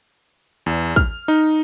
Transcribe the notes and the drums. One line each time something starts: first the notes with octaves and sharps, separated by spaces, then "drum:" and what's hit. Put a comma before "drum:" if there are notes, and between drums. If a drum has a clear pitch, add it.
E2
F6, drum: kick
D#4